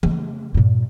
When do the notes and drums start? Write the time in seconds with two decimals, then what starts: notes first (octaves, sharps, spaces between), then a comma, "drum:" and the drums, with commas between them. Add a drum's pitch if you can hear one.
0.03 C#3 A3, drum: tom E3
0.54 G2 A#2